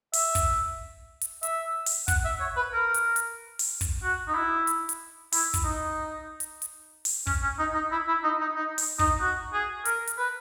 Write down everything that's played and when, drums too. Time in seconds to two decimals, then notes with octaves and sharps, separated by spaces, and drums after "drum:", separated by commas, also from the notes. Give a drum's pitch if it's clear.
0.13 E5, drum: open hi-hat
0.35 drum: kick, hi-hat
1.21 drum: hi-hat
1.43 E5, drum: hi-hat
1.86 drum: open hi-hat
2.08 F#5, drum: kick, hi-hat
2.25 E5
2.40 C#5
2.56 B4
2.73 A#4
2.94 drum: hi-hat
3.16 drum: hi-hat
3.59 drum: open hi-hat
3.81 drum: kick, hi-hat
4.03 F#4
4.28 D#4
4.35 E4
4.67 drum: hi-hat
4.89 drum: hi-hat
5.32 E4, drum: open hi-hat
5.54 drum: kick, hi-hat
5.64 D#4
6.40 drum: hi-hat
6.62 drum: hi-hat
7.05 drum: open hi-hat
7.27 C#4, drum: kick
7.42 C#4
7.59 D#4
7.75 D#4
7.92 E4
8.08 E4
8.24 D#4
8.41 D#4
8.56 D#4
8.78 drum: open hi-hat
8.99 D#4, drum: kick
9.21 F#4
9.53 G#4
9.85 A#4, drum: hi-hat
10.07 drum: hi-hat
10.18 B4